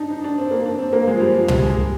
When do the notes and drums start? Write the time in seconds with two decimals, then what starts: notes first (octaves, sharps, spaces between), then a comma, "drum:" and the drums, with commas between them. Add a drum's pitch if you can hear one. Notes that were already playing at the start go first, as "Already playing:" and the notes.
Already playing: D4 D#4
0.10 D#4
0.24 D4
0.38 C4
0.51 A#3
0.66 D4
0.79 C4
0.93 A#3
1.07 G#3
1.14 F3
1.20 G3
1.34 F3
1.48 G3, drum: tom
1.62 G#3